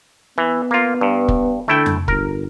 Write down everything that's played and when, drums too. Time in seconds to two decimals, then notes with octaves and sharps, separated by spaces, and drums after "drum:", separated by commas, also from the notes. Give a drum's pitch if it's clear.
0.38 E3 B3
0.71 A#3 F4
1.01 G2
1.28 drum: kick
1.68 D3 A3 E4 G5
1.86 drum: tom F2
2.08 G1 A#4, drum: kick